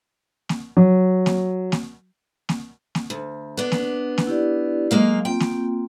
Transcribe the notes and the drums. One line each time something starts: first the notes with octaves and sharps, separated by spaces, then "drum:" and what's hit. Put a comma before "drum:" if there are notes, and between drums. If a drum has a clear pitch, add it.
drum: snare A#3
F#3
drum: snare A#3
drum: snare A#3
drum: snare A#3
drum: snare A#3
D2
B3 D4
drum: snare A#3
drum: snare A#3
E4 G4 D5
F#3 G#3 A#3 D#5 F5
A#3 C4 F4 G5
drum: snare A#3